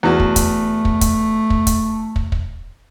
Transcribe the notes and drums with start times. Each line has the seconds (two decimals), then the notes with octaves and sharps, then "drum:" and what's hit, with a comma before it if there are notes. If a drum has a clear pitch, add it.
0.03 E2 A3 F#4
0.20 drum: kick
0.36 drum: kick, hi-hat
0.85 drum: kick
1.01 drum: kick, hi-hat
1.50 drum: kick
1.67 drum: kick, hi-hat
2.16 drum: kick
2.32 drum: kick